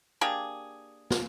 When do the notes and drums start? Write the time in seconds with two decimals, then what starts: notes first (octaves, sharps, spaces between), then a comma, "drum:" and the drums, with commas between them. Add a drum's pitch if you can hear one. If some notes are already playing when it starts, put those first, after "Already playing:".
0.21 A#3 D4 G4 G#4
1.11 drum: snare